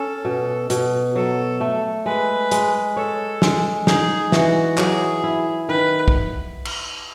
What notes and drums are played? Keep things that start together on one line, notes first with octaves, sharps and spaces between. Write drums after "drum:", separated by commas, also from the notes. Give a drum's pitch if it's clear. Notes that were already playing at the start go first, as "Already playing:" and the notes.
Already playing: C#4 A4
B2
B2, drum: hi-hat
F#3 A4
A3
G#3 B4
G#3, drum: hi-hat
A4 C#5
G#3, drum: snare
D#4 G#4, drum: snare
E3 F#4, drum: snare
F#3 G#4, drum: clap
E4
D#3 B4
drum: kick
drum: cymbal